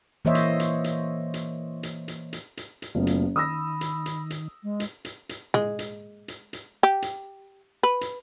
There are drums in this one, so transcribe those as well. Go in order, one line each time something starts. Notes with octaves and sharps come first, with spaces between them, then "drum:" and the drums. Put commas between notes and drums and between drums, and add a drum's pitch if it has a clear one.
E3 A#3 C5 C#5 D#5 E5
drum: hi-hat
drum: hi-hat
drum: hi-hat
drum: hi-hat
drum: hi-hat
drum: hi-hat
drum: hi-hat
drum: hi-hat
drum: hi-hat
F#1 A3 B3 F4
drum: hi-hat
D#3 B5 D#6 E6 A#6
drum: hi-hat
drum: hi-hat
drum: hi-hat
G#3
drum: hi-hat
drum: hi-hat
drum: hi-hat
G#3, drum: tom
drum: hi-hat
drum: hi-hat
drum: hi-hat
G4
drum: hi-hat
B4
drum: hi-hat